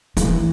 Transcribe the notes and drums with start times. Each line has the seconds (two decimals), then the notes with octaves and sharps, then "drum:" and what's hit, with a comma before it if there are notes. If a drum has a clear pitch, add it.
0.17 E3, drum: hi-hat